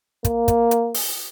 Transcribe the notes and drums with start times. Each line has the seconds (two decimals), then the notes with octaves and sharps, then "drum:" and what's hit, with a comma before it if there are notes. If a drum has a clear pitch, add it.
0.25 A#3, drum: kick, hi-hat
0.48 drum: kick, hi-hat
0.71 drum: hi-hat
0.94 drum: open hi-hat